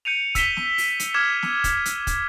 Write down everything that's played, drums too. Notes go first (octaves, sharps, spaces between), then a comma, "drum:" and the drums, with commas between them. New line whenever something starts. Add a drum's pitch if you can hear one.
G6 C#7 D#7 F7
E6 B6 E7 G7, drum: kick, hi-hat
drum: snare
drum: open hi-hat
drum: hi-hat
D6 F6 G#6 E7
drum: snare
drum: kick, hi-hat
drum: hi-hat
drum: kick, hi-hat